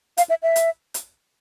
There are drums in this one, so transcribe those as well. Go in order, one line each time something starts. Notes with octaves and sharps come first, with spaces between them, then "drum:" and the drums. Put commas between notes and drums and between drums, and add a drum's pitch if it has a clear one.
F5, drum: hi-hat
E5
E5
drum: hi-hat
drum: hi-hat